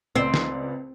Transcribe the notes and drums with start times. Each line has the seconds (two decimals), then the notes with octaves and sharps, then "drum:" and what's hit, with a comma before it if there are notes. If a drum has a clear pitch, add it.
0.15 C#2 C4 B4 D5
0.34 drum: snare